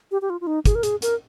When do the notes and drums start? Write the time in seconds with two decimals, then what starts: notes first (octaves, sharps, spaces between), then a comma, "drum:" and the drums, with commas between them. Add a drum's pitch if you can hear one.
0.12 G4
0.22 G4
0.30 F4
0.41 F4
0.47 D#4
0.65 G#4, drum: kick, hi-hat
0.75 A#4
0.83 G#4, drum: hi-hat
1.02 A#4, drum: hi-hat